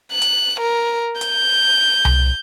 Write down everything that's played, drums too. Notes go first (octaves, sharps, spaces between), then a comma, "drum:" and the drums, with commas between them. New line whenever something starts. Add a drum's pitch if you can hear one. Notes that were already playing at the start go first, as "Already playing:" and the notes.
F#6
drum: hi-hat
A#4
G6, drum: hi-hat
drum: tom C2